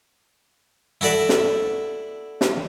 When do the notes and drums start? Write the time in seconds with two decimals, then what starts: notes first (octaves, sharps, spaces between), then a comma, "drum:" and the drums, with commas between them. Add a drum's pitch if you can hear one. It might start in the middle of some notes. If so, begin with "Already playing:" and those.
1.01 E4 F#4 A4 D5 E5
1.29 drum: snare
2.41 drum: snare